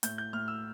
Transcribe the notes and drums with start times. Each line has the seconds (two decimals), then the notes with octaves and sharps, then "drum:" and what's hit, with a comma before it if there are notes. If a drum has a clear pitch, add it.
0.03 A2 G6, drum: hi-hat
0.18 G6
0.33 A2 F6
0.48 E6